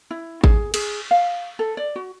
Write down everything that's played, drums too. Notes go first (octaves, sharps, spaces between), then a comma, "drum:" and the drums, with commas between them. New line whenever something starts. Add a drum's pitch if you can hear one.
E4
G#4, drum: kick G#1
G#4, drum: cymbal
F5
A4
D5
F#4